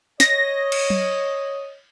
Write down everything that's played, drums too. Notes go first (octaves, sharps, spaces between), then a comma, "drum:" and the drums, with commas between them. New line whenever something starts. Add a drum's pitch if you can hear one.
C#5 D#5 A#6, drum: snare
drum: cymbal
drum: tom F#3